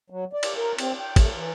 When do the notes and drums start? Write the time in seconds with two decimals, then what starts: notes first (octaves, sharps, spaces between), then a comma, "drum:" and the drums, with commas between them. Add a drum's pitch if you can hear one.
0.10 F#3
0.33 D5
0.43 drum: cymbal
0.57 A#4
0.78 C4, drum: cymbal
0.99 G5
1.16 A3, drum: kick, cymbal
1.34 E3